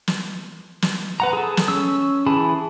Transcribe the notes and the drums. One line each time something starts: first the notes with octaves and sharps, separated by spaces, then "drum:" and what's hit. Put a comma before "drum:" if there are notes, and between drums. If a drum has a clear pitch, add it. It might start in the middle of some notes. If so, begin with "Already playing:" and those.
drum: snare
drum: snare
B4 F#5 A#5
G#4 A4
drum: snare
C#4 E6
E3 G#4 A5 B5